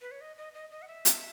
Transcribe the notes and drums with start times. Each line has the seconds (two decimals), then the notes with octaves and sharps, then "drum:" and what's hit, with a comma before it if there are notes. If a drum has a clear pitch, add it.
0.01 B4
0.11 C#5
0.21 D#5
0.37 D#5
0.54 D#5
0.71 D#5
0.82 F#5
0.87 E5
1.05 drum: hi-hat